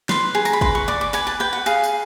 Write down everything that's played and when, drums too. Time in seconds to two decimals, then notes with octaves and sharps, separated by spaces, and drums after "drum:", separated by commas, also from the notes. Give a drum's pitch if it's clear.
0.09 B4 C6, drum: snare
0.35 G#4
0.45 A#5, drum: tambourine
0.53 B5
0.61 B4 C6, drum: kick
0.75 C#6
0.88 D5 D6
1.01 D6
1.13 B4 G#5, drum: tambourine
1.27 A5
1.40 B4 G5
1.53 F#5
1.66 G#4 F5, drum: tambourine
1.84 drum: tambourine